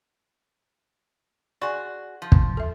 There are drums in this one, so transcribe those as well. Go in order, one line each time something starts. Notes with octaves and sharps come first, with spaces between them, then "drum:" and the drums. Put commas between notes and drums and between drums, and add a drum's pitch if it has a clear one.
F#4 G#4 D5 C6 C#6
F3
drum: kick
A4 E5